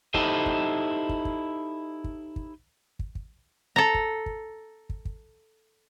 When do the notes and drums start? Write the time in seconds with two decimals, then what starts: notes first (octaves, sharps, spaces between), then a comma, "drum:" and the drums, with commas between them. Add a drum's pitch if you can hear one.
0.14 D#4 E4 G4 A4 C5 D#5, drum: kick
0.46 drum: kick
1.09 drum: kick
1.25 drum: kick
2.04 drum: kick
2.36 drum: kick
2.99 drum: kick
3.15 drum: kick
3.76 A4 A#5
3.94 drum: kick
4.26 drum: kick
4.90 drum: kick
5.05 drum: kick